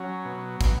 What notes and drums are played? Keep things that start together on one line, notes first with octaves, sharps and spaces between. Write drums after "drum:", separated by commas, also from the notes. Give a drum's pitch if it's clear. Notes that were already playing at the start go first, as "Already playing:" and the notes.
Already playing: F#3 C#4
B2
B2, drum: kick, hi-hat